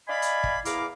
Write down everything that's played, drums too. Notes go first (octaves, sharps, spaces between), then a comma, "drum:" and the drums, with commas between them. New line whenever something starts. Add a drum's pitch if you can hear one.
D5 D#5 F5 G#5 B5
drum: hi-hat
drum: kick
E2 E4 G#4 A#4 F5 D6, drum: hi-hat